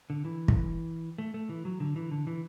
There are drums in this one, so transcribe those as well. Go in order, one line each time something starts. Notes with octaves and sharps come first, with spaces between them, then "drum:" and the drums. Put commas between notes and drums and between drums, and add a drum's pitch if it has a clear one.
D3
E3
drum: kick
A3
A3
E3
F#3
D3
E3
D3
E3